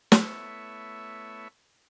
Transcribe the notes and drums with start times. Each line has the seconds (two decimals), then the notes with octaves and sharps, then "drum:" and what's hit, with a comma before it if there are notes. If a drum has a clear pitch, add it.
0.12 A3 B3 E4 C#5 E5, drum: snare